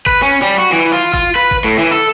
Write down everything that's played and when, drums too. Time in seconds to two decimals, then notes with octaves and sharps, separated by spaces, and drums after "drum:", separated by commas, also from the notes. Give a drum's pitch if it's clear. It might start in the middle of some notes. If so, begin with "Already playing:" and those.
0.06 B4, drum: kick
0.22 C#4
0.42 G3
0.58 F#4
0.73 E3
0.92 F4
1.14 F4, drum: kick
1.36 B4
1.51 drum: kick
1.64 A2
1.79 E3
1.92 A4